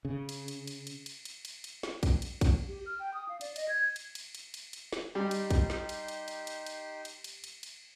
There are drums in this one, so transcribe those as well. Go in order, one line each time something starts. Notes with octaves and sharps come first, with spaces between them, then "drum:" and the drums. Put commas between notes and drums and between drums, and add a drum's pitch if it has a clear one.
C#3
drum: cymbal
drum: cymbal
drum: cymbal
drum: cymbal
drum: cymbal
drum: cymbal
drum: cymbal
drum: cymbal
drum: snare
drum: kick, cymbal
drum: cymbal
drum: kick, cymbal
G4
F6
G5
D#6
F5
D5, drum: cymbal
D#5, drum: cymbal
G#6
drum: cymbal
drum: cymbal
drum: cymbal
drum: cymbal
drum: cymbal
drum: snare
G3 D#4 G4 C6
drum: cymbal
drum: kick, cymbal
drum: snare
drum: cymbal
drum: cymbal
drum: cymbal
drum: cymbal
drum: cymbal
drum: cymbal
drum: cymbal
drum: cymbal
drum: cymbal